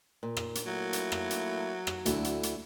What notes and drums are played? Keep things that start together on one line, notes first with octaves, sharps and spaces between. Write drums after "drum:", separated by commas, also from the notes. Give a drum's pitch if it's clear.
A#2
drum: rim click
drum: hi-hat
F#3 A3 A#3 E4
drum: hi-hat
drum: rim click
drum: hi-hat
drum: rim click
D2 D3 E4, drum: hi-hat
drum: hi-hat
drum: hi-hat